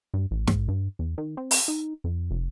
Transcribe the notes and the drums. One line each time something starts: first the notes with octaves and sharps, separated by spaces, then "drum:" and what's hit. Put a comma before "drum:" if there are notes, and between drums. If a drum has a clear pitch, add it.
G2
A1
G#2, drum: snare
G2
E2
D#3
C4
drum: open hi-hat
D#4
F2
F1